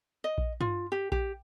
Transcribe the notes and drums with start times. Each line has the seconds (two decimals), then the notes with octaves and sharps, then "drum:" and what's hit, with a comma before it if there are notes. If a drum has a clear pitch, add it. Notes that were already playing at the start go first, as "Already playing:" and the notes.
0.24 D#5
0.38 drum: kick A#1
0.61 F4, drum: tom G2
0.92 G4
1.12 G4, drum: kick A#1